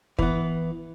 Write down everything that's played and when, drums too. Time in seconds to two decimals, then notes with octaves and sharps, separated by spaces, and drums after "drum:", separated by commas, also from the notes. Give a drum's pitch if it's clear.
0.19 E3 B3, drum: kick